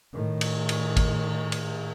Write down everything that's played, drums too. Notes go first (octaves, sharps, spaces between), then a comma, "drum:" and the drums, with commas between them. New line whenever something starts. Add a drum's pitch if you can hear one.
A2 D#3
drum: cymbal
drum: cymbal
drum: kick G#1, cymbal
drum: cymbal